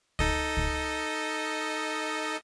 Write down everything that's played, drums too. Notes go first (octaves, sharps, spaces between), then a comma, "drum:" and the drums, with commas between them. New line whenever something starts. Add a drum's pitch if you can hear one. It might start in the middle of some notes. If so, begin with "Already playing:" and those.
D#4 A4 D#5, drum: kick
drum: kick